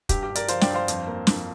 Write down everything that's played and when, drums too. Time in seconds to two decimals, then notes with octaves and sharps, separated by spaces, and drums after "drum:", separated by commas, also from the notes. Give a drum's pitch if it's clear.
0.09 G2 G4, drum: kick, hi-hat
0.23 G4
0.30 G2
0.35 A#4 D5, drum: hi-hat
0.48 F3 C5 F5, drum: hi-hat
0.61 D5 G5, drum: snare
0.68 G2
0.74 C5 F5
0.88 F2, drum: hi-hat
1.07 A#3
1.27 F2, drum: snare